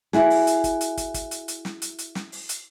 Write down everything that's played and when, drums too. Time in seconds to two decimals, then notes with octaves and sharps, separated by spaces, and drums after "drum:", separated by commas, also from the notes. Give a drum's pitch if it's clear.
0.13 E4 F#4 G#4, drum: snare
0.30 drum: open hi-hat
0.47 drum: hi-hat
0.64 drum: kick, hi-hat
0.81 drum: hi-hat
0.97 drum: kick, hi-hat
1.14 drum: kick, hi-hat
1.31 drum: hi-hat
1.48 drum: hi-hat
1.65 drum: snare
1.82 drum: hi-hat
1.98 drum: hi-hat
2.15 drum: snare
2.32 drum: open hi-hat
2.49 drum: hi-hat